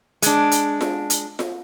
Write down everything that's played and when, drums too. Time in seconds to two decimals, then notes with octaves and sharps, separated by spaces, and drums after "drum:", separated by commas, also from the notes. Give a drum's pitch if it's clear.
0.22 G#3 D4, drum: hi-hat
0.52 drum: hi-hat
0.81 drum: snare F4
1.10 drum: hi-hat
1.39 drum: snare F4